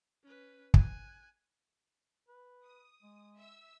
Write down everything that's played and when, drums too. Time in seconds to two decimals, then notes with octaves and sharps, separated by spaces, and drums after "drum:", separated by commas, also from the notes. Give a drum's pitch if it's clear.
0.24 C#4 B4
0.74 G#5 F#6, drum: kick
2.29 B4
2.65 D#6
3.03 G#3
3.38 E5 E6